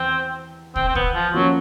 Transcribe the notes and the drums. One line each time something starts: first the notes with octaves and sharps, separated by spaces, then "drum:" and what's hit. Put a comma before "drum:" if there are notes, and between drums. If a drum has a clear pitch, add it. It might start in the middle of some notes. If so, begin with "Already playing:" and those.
Already playing: E2 E3 C4
C4, drum: kick
C4
B3, drum: kick
F3
F3 F#3 A#3 C#4 F4